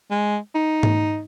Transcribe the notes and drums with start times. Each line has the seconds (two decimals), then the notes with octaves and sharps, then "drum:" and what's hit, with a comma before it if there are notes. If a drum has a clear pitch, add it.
0.11 G#3
0.54 D#4
0.83 drum: tom G#2